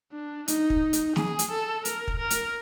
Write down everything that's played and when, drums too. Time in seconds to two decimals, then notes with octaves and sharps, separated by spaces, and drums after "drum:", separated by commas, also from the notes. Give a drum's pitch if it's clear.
0.12 D4
0.48 D#4, drum: hi-hat
0.70 drum: kick
0.93 drum: hi-hat
1.16 G#4, drum: snare
1.39 drum: hi-hat
1.50 A4
1.85 A#4, drum: hi-hat
2.08 drum: kick
2.19 A#4
2.30 drum: hi-hat